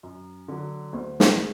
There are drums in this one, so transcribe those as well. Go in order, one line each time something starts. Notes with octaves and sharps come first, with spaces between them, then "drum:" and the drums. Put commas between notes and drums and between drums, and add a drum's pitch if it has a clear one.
F#2
D3 F#3
D2
drum: snare
G#3